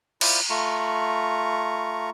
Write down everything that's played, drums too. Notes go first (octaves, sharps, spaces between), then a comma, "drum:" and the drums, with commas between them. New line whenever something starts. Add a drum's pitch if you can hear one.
E4 F4 C5 D5, drum: cymbal
A3 F4 A#5 C#6